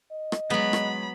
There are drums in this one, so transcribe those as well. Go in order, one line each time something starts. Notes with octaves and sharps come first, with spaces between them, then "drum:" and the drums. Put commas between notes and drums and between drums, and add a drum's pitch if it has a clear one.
D#5
drum: rim click
F#3 G#3 B3 B5
drum: rim click